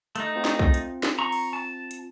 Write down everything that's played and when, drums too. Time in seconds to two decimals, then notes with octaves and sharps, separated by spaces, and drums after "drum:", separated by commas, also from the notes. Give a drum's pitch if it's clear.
0.16 A3 D#4, drum: hi-hat
0.36 C4 F4
0.45 drum: snare
0.59 drum: kick
0.74 drum: hi-hat
1.03 drum: snare
1.19 A#5 C#6
1.32 drum: open hi-hat
1.53 A5
1.91 drum: hi-hat